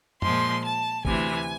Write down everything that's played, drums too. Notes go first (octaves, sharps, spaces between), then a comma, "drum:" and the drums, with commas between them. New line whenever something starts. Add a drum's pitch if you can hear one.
A#2 F3 G#3 C6, drum: tom
A5
D2 C3 E3 G#5, drum: kick G#1